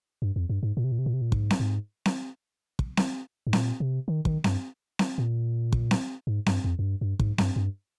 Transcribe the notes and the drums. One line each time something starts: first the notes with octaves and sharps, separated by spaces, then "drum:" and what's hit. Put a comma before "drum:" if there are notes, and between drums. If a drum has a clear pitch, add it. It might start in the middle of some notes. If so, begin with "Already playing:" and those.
G2
F2
G2
G#2
A#2
C3
A#2
C3
A#2
C3
A#2
G#2, drum: kick
drum: snare C4
G#2
drum: snare C4
drum: kick
drum: snare C4
G#2
A#2, drum: snare C4
C3
D#3
D#3, drum: kick
G2, drum: snare C4
drum: snare C4
A#2
drum: kick
drum: snare C4
G#2
G2, drum: snare C4
F2
F2
G2
G2
G#2, drum: kick
G2, drum: snare C4
G2